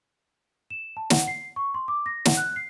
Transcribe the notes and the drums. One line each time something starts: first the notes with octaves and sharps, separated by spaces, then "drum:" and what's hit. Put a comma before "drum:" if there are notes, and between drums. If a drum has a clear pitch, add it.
E7
A5
F#5, drum: snare
C7
C#6
C6
D6
A#6
F#5, drum: snare
F#6
C7